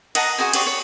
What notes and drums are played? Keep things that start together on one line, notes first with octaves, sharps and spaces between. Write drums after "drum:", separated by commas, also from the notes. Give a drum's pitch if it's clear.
D#5 F#5 A5 A#5, drum: cymbal
F#4 G#4 C5 G#5
G4 C5 D5 C#6, drum: cymbal
C#5